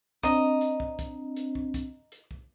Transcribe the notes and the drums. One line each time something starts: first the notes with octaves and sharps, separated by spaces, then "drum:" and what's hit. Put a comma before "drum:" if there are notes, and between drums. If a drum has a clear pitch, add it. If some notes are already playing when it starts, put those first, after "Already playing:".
C4 D4 D#5 A#5, drum: kick, hi-hat
drum: hi-hat
drum: kick
drum: kick, hi-hat
drum: hi-hat
drum: kick
drum: kick, hi-hat
drum: hi-hat
drum: kick